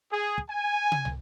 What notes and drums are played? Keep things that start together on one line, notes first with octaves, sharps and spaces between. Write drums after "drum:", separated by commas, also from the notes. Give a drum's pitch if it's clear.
G#4
drum: kick
G#5
drum: tom
drum: tom